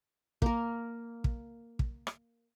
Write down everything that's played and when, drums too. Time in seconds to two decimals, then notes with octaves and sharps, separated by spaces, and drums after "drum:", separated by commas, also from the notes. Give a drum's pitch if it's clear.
0.42 A#3 A#4, drum: kick
1.24 drum: kick
1.79 drum: kick
2.07 drum: rim click